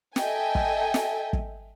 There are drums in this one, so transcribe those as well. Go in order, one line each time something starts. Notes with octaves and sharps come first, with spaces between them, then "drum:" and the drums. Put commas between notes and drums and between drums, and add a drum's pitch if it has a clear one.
A4 D#5 E5 G5 G#5, drum: snare
drum: kick
drum: snare
drum: kick